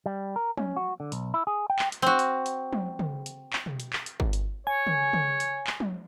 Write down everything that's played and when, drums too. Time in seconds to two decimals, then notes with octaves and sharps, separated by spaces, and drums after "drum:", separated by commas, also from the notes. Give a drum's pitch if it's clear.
0.06 G3
0.36 A#4
0.57 C#4, drum: tom
0.76 F#4
1.00 D3
1.12 B1, drum: hi-hat
1.34 E4
1.47 G#4
1.70 G5
1.79 drum: clap
1.92 drum: hi-hat
2.02 C4 F#4
2.19 drum: hi-hat
2.46 drum: hi-hat
2.73 drum: tom
2.99 drum: tom C#3
3.26 drum: hi-hat
3.53 drum: clap
3.66 drum: tom B2
3.80 drum: hi-hat
3.93 drum: clap
4.06 drum: hi-hat
4.20 drum: kick G1
4.33 drum: hi-hat
4.67 C#5 G#5
4.87 drum: tom C#3
5.13 drum: tom C#3
5.40 drum: hi-hat
5.67 drum: clap
5.80 drum: tom